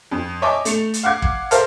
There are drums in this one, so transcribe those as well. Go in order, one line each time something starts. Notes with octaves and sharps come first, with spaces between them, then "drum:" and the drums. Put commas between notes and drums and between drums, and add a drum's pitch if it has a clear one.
F2
C#5 D#5 E5 G#5 A5 D6
A3 C#7 F7, drum: hi-hat
drum: hi-hat
F5 F#5 D6 G#6
drum: kick
A4 A#4 C5 E5 F5 A5, drum: hi-hat